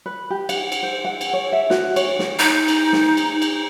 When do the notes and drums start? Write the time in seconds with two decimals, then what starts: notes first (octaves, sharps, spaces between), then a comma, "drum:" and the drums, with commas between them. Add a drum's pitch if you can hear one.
0.06 B4
0.30 G4
0.49 F#5, drum: cymbal
0.72 drum: cymbal
0.83 C5
1.05 F#5
1.21 drum: cymbal
1.33 C#5
1.52 E5
1.70 F#4, drum: snare
1.96 C#5, drum: cymbal
2.19 drum: snare
2.39 D#4
2.68 drum: cymbal
2.93 drum: snare
3.17 drum: cymbal
3.42 drum: cymbal